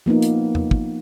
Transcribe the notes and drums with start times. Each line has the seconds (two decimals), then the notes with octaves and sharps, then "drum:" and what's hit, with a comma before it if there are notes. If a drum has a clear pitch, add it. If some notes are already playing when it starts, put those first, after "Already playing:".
0.06 F3 A#3 B3 D#4
0.22 drum: hi-hat
0.55 drum: tom E2
0.71 drum: kick